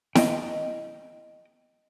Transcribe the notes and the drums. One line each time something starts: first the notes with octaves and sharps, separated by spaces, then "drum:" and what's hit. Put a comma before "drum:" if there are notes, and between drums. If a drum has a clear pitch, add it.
D#5 G5, drum: snare E4